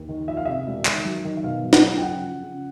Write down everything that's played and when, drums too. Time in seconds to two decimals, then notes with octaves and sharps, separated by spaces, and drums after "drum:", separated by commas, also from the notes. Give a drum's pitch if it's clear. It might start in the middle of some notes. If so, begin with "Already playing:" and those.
Already playing: D#2
0.09 D#3
0.28 F3 E5
0.37 F5
0.45 C3 E5
0.67 E1
0.86 D#3, drum: clap
1.05 F#3
1.25 D#3
1.37 E5
1.44 B2 F5
1.63 F#3
1.73 F#5, drum: snare
1.83 F#3
1.97 G5
2.02 C#3 F#5
2.22 F3
2.41 C#3